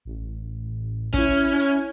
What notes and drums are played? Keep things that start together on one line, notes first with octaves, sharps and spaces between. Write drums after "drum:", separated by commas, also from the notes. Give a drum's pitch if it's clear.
A1
C#4 E4 G#6, drum: kick, hi-hat
drum: hi-hat